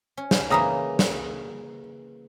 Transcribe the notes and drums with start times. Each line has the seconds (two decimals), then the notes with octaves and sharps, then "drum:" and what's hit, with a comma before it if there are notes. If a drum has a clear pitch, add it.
0.17 C#4
0.31 drum: snare
0.50 C#3 E3 A#3 A#5 D#6
0.99 drum: snare